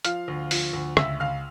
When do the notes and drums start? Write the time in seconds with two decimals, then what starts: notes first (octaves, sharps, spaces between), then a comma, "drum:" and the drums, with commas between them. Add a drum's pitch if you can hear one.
0.05 F3 F5 F6, drum: hi-hat
0.28 D2
0.51 F3, drum: open hi-hat
0.73 D2
0.97 C#2 E5 E6, drum: rim click
1.20 C#2 F5 F6